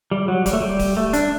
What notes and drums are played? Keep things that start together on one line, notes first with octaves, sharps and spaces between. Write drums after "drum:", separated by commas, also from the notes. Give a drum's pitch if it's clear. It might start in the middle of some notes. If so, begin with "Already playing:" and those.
G3
F#3
G3, drum: kick D1, hi-hat
A3
G3
drum: kick D1, open hi-hat
A3
D4, drum: hi-hat